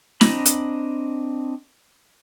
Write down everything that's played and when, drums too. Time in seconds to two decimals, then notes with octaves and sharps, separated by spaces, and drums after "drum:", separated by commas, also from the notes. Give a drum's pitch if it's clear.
0.21 C4 D4 D#5 A#5 B5, drum: snare
0.46 drum: hi-hat